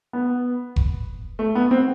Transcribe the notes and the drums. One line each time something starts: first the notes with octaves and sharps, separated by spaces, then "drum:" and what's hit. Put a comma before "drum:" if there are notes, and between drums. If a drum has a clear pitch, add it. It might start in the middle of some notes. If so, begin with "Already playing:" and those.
B3
drum: kick F1
A3
B3
C4